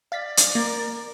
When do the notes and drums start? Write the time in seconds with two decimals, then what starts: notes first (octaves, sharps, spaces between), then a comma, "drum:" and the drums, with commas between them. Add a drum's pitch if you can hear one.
0.12 D5 F5 A6 B6
0.37 drum: hi-hat
0.55 A#3 A#4